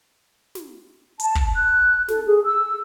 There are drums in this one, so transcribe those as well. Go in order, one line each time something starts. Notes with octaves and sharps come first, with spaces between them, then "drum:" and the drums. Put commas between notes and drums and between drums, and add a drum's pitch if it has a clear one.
drum: snare
A5, drum: hi-hat
drum: kick
F#6
A4, drum: snare
G#4
E6